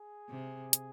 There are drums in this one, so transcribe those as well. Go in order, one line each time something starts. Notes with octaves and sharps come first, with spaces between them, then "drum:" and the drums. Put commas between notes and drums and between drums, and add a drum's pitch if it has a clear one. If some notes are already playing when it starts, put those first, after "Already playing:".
Already playing: G#4
C3
drum: hi-hat